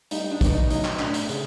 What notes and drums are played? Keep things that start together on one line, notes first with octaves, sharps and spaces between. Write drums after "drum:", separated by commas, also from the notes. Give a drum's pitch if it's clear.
G3 D#4, drum: hi-hat
D4
B2, drum: kick, hi-hat
D#4
F#3 D#4, drum: hi-hat
drum: clap
A2 D4, drum: clap
drum: hi-hat
C#3, drum: hi-hat